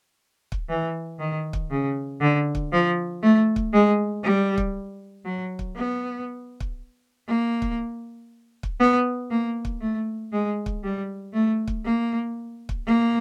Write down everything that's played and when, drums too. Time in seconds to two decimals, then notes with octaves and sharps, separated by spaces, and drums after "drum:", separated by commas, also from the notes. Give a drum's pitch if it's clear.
0.52 drum: kick
0.69 E3
1.19 D#3
1.53 drum: kick
1.70 C#3
2.21 D3
2.55 drum: kick
2.72 F3
3.22 A3
3.56 drum: kick
3.73 G#3
4.24 G3
4.58 drum: kick
5.25 F#3
5.59 drum: kick
5.75 B3
6.60 drum: kick
7.27 A#3
7.62 drum: kick
8.63 drum: kick
8.80 B3
9.30 A#3
9.65 drum: kick
9.81 A3
10.32 G#3
10.66 drum: kick
10.84 G3
11.33 A3
11.68 drum: kick
11.84 A#3
12.69 drum: kick
12.86 A#3